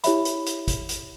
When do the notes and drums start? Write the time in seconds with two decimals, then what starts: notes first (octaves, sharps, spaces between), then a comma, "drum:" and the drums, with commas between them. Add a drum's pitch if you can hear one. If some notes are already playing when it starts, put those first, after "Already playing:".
0.04 E4 G4 C#5 E5 B5, drum: hi-hat
0.25 drum: hi-hat
0.46 drum: hi-hat
0.68 drum: kick, hi-hat
0.89 drum: hi-hat